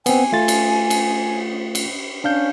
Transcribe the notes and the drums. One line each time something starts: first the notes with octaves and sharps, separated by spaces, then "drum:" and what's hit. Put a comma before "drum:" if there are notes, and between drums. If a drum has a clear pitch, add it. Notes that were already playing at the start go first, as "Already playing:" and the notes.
B3 C4 G#5, drum: cymbal
A3 F4 A6
drum: cymbal
drum: cymbal
drum: cymbal
C#4 D4 F5 G6